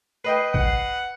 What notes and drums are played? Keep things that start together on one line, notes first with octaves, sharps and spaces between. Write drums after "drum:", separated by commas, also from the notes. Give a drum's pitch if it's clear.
B4 D#5 G5 C7
F#5, drum: kick